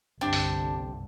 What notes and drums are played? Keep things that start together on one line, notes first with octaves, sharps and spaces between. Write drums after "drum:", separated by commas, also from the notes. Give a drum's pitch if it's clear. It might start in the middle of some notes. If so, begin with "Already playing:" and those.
G1 C2 D3 C4 D4 G4
drum: open hi-hat